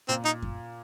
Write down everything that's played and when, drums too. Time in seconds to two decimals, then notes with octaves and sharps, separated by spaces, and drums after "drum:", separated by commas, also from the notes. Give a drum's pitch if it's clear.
0.09 A#2 C4
0.25 D#4
0.42 drum: kick F#2